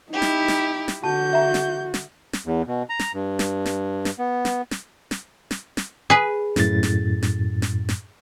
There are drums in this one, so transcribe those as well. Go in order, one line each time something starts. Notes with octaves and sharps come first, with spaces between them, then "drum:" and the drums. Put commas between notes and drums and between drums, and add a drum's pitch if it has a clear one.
D#4 E4 G4
drum: snare
drum: snare
drum: snare
D3 F#4 A5 G6
E5 A#5
drum: snare
drum: snare
drum: snare
E2
B2
A#5
drum: snare
G2
drum: snare
drum: snare
drum: snare
B3
drum: snare
drum: snare
drum: snare
drum: snare
drum: snare
G#4 B4
F#2 A2 A6, drum: snare
drum: snare
drum: snare
drum: snare
drum: snare